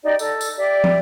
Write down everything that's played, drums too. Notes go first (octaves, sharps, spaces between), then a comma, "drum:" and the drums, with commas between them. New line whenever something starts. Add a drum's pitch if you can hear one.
D#4 G4 D5
A4, drum: tambourine
drum: tambourine
G4 D5 E5
drum: tom